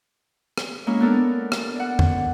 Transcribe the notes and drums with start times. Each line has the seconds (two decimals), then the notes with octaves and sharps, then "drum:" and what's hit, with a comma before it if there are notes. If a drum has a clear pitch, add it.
0.58 drum: rim click
0.87 G#3 A#3 C#4 E4
1.00 B3 D4 A4 A#4
1.52 drum: rim click
1.75 D5 F#5
1.99 drum: tom F2